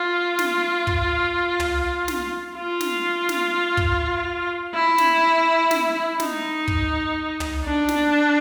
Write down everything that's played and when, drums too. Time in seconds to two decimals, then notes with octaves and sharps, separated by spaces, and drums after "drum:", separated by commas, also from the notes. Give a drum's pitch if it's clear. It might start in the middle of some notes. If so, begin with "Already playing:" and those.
Already playing: F4
0.39 drum: snare
0.87 drum: kick
1.60 drum: tom
2.08 drum: snare
2.56 F4
2.81 drum: snare
3.29 drum: snare
3.77 drum: kick
4.74 E4
4.98 drum: snare
5.71 drum: snare
6.20 D#4, drum: snare
6.68 drum: kick
7.40 drum: tom
7.65 D4
7.89 drum: snare